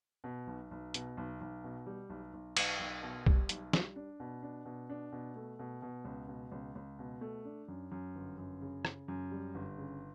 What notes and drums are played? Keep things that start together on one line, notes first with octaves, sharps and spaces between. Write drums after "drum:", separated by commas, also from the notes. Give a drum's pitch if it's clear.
B2
B1
B1
B2, drum: hi-hat
B1
B1
B2
G3
B1
B1
B1, drum: cymbal
B1
B2
G3, drum: kick B1
B1, drum: hi-hat
G3, drum: snare
D4
B2
D4
B2
D4
B2
A3
B2
B2
C#2
B2
C#2
C#2
B2
A3
D4
F#2
F#2
G1
F#2
C#3
C#3, drum: rim click
F#2
G3
G1
C#3